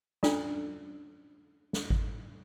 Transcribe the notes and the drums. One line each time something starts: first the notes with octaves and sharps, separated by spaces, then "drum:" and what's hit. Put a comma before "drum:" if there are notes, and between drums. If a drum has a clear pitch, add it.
C#4 D4 F4 A4 D5 A#5, drum: snare
drum: snare
drum: kick G#1